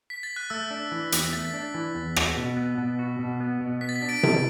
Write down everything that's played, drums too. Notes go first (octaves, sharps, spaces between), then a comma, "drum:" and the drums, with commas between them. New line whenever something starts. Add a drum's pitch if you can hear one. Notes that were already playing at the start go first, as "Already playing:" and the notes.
B6
A6
F#6
A3 E6
D4
E3
E2, drum: hi-hat
B6
A3 A6
D4
E3
E2
F#4, drum: rim click
B2
B3
B2
F#4
B2
B3
B2
B3 B6
A6
B6
D4
A6 D7
E3, drum: tom C3